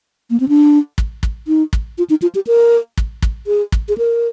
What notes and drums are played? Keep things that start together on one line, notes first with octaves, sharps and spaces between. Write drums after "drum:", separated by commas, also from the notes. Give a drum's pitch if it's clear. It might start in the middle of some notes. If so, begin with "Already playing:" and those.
A#3
C4
D4
drum: kick
drum: kick
D#4
drum: kick
F4
D#4
F4
G4
A#4
drum: kick
drum: kick
G#4
drum: kick
G#4
A#4